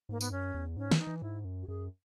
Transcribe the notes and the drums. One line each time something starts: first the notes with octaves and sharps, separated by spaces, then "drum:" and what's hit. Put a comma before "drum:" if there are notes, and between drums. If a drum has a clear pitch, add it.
G#2 A#3
B3, drum: tambourine
F#2 C#4
E2
G#2 C#4
E3, drum: snare
D#4
E3
G#2 E4
F#2
F#4
F#2 G#4